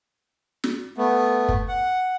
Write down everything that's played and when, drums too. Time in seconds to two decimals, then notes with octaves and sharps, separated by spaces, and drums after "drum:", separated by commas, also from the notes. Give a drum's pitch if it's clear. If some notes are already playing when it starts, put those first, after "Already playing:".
0.64 drum: snare
0.98 A3 B3
1.49 drum: kick
1.68 F#5